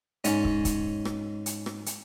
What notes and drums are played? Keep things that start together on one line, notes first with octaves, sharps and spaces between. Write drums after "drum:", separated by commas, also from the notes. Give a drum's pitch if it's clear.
G#2 C#4, drum: hi-hat
drum: kick
drum: kick, hi-hat
drum: rim click
drum: hi-hat
drum: rim click
drum: hi-hat